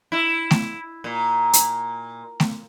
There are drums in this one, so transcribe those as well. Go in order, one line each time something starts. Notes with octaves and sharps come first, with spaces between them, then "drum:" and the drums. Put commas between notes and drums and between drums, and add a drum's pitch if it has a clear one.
E4
drum: snare A3
A#2
drum: hi-hat
drum: snare A3